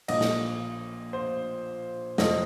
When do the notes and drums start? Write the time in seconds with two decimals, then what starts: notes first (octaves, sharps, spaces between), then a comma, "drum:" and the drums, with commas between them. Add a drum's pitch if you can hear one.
0.08 A#1 A#2 F3 D#5, drum: cymbal
0.21 drum: snare
1.13 C5
2.18 F1 F2 F3 C4 D#5, drum: snare